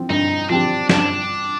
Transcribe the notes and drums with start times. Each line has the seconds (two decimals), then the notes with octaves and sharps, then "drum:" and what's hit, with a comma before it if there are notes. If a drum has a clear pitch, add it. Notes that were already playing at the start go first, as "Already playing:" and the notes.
Already playing: F3 C4
0.10 G2 D#4
0.49 F3 C4 D4 G4
0.89 G2 D4, drum: snare